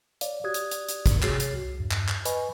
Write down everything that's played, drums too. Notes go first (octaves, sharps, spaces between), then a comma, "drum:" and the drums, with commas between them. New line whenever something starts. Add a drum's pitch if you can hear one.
C#5 D5 F5, drum: hi-hat
F#4 G4 D5 D#6 F#6 G#6
drum: hi-hat
drum: hi-hat
drum: hi-hat
drum: kick, hi-hat
C3 F#4 G#4 C#5 A6 C7, drum: clap
drum: hi-hat
C2
E2 G2
drum: clap
drum: clap
B4 D#5 G#5 B5 C#6, drum: hi-hat